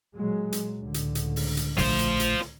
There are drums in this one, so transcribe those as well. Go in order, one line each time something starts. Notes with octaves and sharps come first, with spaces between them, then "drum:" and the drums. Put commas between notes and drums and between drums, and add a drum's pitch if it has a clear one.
A#2 F#3 G#3
drum: hi-hat
C#2 A2 D3
drum: hi-hat
drum: hi-hat
drum: open hi-hat
drum: hi-hat
A#1 A3 F4 C5, drum: open hi-hat
drum: hi-hat
drum: hi-hat
drum: snare